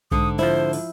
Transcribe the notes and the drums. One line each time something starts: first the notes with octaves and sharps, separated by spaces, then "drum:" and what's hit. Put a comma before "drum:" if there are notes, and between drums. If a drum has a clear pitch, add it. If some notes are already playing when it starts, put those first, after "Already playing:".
G#2 D3 D#6, drum: kick B1
F3 E4 C5
drum: open hi-hat